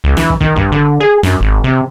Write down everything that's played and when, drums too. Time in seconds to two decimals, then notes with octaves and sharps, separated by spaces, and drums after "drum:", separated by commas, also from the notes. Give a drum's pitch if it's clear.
0.04 C#2
0.17 E3, drum: snare
0.30 drum: kick
0.40 D#3, drum: kick
0.56 G2, drum: kick
0.72 D3
1.00 G#4
1.23 F#2, drum: snare
1.41 G#1
1.64 C3